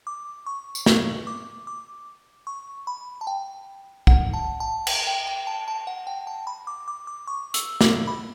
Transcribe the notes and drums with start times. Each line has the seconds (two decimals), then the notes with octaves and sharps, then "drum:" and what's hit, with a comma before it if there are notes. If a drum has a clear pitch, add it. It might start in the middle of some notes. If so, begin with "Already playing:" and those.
0.07 D6
0.46 C#6
0.75 drum: tambourine
0.86 C#6, drum: snare
1.27 D6
1.67 D6
2.47 C#6
2.87 B5
3.21 A5
3.27 G5
4.07 F#5, drum: kick
4.33 A5
4.60 A5
4.87 G5, drum: cymbal
5.07 G5
5.27 G5
5.47 A5
5.68 A5
5.87 F#5
6.07 G5
6.27 A5
6.47 B5
6.67 D6
6.88 D6
7.07 D6
7.27 C#6
7.54 E6, drum: hi-hat
7.81 D6, drum: snare
8.07 B5